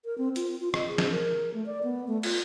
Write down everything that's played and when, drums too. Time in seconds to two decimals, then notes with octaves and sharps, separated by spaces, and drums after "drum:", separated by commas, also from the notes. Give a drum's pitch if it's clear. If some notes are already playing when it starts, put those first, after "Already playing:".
0.05 A#4
0.18 C4
0.36 F4, drum: hi-hat
0.60 F4
0.74 D#5, drum: rim click
0.88 G#4
0.98 drum: snare
1.12 A#4
1.54 A3
1.66 D5
1.83 B3
2.08 A3
2.23 F4, drum: cymbal